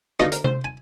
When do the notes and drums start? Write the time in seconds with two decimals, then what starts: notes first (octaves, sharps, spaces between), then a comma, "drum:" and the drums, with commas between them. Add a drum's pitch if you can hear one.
0.20 B2 D3 A3 D#4 F4 D#5, drum: rim click
0.32 A#4, drum: hi-hat
0.44 C5, drum: tom C3
0.64 G#5